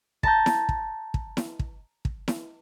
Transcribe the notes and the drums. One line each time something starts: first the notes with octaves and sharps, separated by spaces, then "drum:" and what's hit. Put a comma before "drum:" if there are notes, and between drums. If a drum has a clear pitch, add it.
A5 A#5 G6, drum: kick
drum: snare E4
drum: kick
drum: kick
drum: snare E4
drum: kick
drum: kick
drum: snare E4